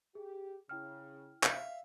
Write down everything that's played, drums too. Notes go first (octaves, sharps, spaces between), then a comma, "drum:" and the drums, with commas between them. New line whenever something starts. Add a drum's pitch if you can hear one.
G4 G#4
C#3 E4 G5 F6
E5 F5, drum: clap